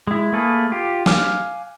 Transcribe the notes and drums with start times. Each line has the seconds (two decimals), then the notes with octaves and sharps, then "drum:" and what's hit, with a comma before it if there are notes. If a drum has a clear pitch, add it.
0.07 G#3 E4
0.33 A3 A#3 G#4 A4 B4
0.72 F4 G4
1.06 F5 G#5 D6 F6 F#6, drum: snare